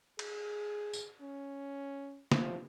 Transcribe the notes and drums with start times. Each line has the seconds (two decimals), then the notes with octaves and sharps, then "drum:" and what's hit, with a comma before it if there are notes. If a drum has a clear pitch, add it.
0.19 G#4, drum: cymbal
0.93 drum: tambourine
1.22 C#4
2.32 F3, drum: snare